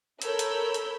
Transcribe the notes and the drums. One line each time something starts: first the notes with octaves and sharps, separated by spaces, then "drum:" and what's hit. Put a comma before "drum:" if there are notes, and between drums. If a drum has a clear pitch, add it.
A4 A#4 C#5 B5 E6 G6, drum: hi-hat
drum: hi-hat
drum: hi-hat